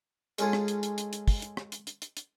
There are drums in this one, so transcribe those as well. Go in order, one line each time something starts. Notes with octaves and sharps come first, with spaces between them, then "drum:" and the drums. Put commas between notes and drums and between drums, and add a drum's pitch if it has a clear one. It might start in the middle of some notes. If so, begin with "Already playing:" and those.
G#3 C#4 D#4 F4 G#4 A4, drum: hi-hat
drum: rim click
drum: hi-hat
drum: hi-hat
drum: hi-hat
drum: hi-hat
drum: kick, open hi-hat
drum: hi-hat
drum: rim click
drum: hi-hat
drum: hi-hat
drum: hi-hat
drum: hi-hat